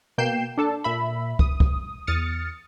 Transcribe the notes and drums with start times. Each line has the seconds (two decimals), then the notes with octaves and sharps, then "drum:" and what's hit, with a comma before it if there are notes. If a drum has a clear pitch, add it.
0.18 B2 A#3 G5 G6 C7 E7
0.58 D4 A4 A5
0.84 A#2 E5 B5
1.39 D#6, drum: kick
1.60 drum: kick
2.07 E2 D#6 F6 A6 C#7